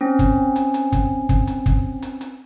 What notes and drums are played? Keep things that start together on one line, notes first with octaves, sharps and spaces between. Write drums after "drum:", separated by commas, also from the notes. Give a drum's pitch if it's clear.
C4 C#4
drum: kick, hi-hat
drum: hi-hat
drum: hi-hat
drum: kick, hi-hat
drum: kick, hi-hat
drum: hi-hat
drum: kick, hi-hat
drum: hi-hat
drum: hi-hat